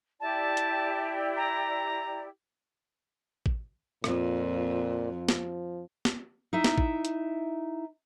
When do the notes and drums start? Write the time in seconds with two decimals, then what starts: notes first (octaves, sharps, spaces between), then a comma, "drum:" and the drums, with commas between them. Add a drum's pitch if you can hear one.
0.20 E4 G4 D5 A5
0.57 drum: hi-hat
1.37 A#5
3.46 drum: kick A1
4.04 F2 A#2, drum: rim click
5.12 F3
5.29 drum: snare
6.05 drum: snare
6.53 D#4 E4 E5
6.64 drum: snare
6.78 drum: kick A1
7.05 drum: hi-hat